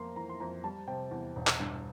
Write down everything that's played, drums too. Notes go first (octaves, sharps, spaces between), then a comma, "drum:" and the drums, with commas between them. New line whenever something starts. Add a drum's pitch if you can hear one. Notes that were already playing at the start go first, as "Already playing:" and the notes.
Already playing: F2 A#3 A#5 C6
E3 A#5
C6
F2 A#5
G3 A5
C3 G5
E2
E1
drum: clap
G2